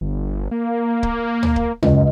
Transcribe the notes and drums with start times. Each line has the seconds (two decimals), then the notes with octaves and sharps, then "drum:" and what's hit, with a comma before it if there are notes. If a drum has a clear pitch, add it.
0.01 G1
0.51 A#3
1.03 drum: kick C#1
1.43 drum: tom
1.56 drum: kick C#1
1.83 C#2 F#2 D#5, drum: tom